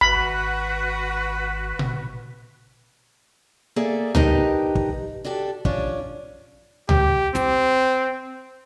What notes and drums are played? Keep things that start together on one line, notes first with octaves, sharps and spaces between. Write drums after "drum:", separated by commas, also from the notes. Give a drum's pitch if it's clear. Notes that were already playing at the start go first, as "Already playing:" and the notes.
G#1 F#4 B4 B5
drum: tom A#2
A#3 G#4 A4 D5 E5
D4 D#4 G4 A#4 B4 D#5, drum: tom C#2
drum: kick
D4 F#4 G4 A4
C#4 D4 F4, drum: kick
G4, drum: tom C#2
C4, drum: snare